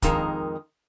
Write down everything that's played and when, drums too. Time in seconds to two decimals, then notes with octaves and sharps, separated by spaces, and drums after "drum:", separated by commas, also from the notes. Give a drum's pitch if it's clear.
0.02 F2 D#3 G#3 D#4 A#4, drum: kick, hi-hat